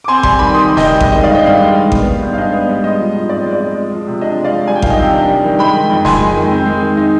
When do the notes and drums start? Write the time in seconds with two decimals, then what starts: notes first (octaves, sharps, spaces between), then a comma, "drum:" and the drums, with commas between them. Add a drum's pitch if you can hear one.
0.04 D6
0.08 C4 G#5 C6
0.23 G3 G#5 C6, drum: kick G#1
0.39 D#3 B5 D6
0.54 D#3 C6 D#6
0.70 C4
0.77 D#5 G5, drum: snare
0.85 G3
1.00 G#3 D#5, drum: kick G#1
1.12 D#3 D#5
1.23 D5 F5
1.31 G2 D#5 G5
1.46 G2 D5 F5
1.61 G#3
1.77 D#3
1.92 B3, drum: kick G#1
2.07 G3
2.22 G#2
2.34 F5
2.38 D4 D#5
2.54 B3
2.69 G3
2.83 G#3 D#5
3.00 F3
3.15 G#2
3.29 C4 D5
3.46 G#3
3.53 D5
3.60 F3
3.75 G#3
3.92 F3
4.07 C3
4.21 D4 D#5
4.36 G#3
4.44 D5 F5
4.52 F3
4.68 G3 G#5
4.76 G5
4.82 D#3 F5, drum: kick G#1
4.90 D#5 G5
4.99 C3
5.14 D4
5.28 G3
5.45 D#3
5.59 G#3 G5 B5
5.75 D#3
5.90 F2
6.05 F2 G#5 C6, drum: snare
6.20 G#3
6.36 D#3
6.51 C4
6.66 G#3
6.82 D#3
6.97 D#4